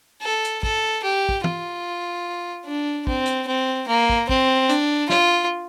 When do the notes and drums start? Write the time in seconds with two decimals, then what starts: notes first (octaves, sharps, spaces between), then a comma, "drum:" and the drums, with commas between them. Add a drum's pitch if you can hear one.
0.22 A4
0.44 drum: hi-hat
0.63 A4, drum: kick
1.04 G4
1.29 drum: kick
1.44 F4, drum: tom
2.66 D4
3.07 C4, drum: kick
3.26 drum: hi-hat
3.48 C4
3.88 A#3
4.10 drum: kick
4.29 C4, drum: kick
4.69 D4, drum: hi-hat
5.10 F4, drum: snare